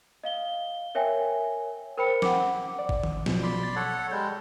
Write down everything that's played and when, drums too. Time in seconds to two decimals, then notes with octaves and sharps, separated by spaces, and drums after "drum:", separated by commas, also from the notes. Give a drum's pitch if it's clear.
0.24 D#5 F5 G7
0.95 A#4 C#5 E5 G5 G#5
1.98 A#4 C5 G5 B5 C#7
2.22 F#5 D6, drum: snare
2.79 D5
2.89 drum: kick G1
3.03 drum: tom D#3
3.26 B2 F3 F#3, drum: snare
3.43 D5 B5 C6
3.63 A6
3.76 A4 C#5 F#5
4.12 G3 G#3 G6